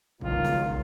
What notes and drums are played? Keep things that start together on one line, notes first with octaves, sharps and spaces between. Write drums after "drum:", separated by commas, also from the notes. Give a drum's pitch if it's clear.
C#2 G2 D#3 F4, drum: kick
drum: snare
drum: kick